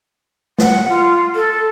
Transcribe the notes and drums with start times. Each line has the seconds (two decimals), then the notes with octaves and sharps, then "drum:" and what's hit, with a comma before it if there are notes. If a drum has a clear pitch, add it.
0.58 F#5, drum: snare
0.88 F4
1.35 A4